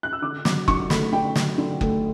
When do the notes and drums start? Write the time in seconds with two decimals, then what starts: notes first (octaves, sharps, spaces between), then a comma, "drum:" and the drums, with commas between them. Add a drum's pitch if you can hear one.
0.03 F#6
0.13 E6
0.22 D3 D6
0.45 F#3 D6, drum: snare
0.68 D3 C#6, drum: kick F#1
0.90 A3 B5, drum: snare
1.12 D3 G5
1.36 F#3, drum: snare
1.58 D3
1.81 A3, drum: kick F#1